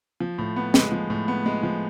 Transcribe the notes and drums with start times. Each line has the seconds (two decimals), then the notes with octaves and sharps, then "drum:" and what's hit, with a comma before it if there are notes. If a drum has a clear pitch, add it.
0.20 F3
0.38 A2
0.56 B3
0.74 G#3, drum: snare
0.92 F3
1.10 A2
1.28 B3
1.46 G#3
1.63 F3